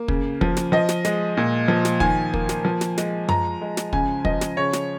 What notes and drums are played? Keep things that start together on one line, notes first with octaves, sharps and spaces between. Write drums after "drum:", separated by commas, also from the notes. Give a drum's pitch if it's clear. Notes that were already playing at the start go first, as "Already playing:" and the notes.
Already playing: A#3
C#3, drum: kick
F3, drum: kick
drum: snare
F3 D#5
drum: snare
G#3, drum: snare
A#2
F3
drum: snare
D#3 G#5, drum: kick
A#3, drum: kick
drum: snare
F3
drum: snare
G#3, drum: snare
F3 A#5, drum: tom F#2
G#3
drum: snare
C#3 G#5, drum: kick
F3 D#5, drum: kick
drum: snare
C#3 C#5
drum: snare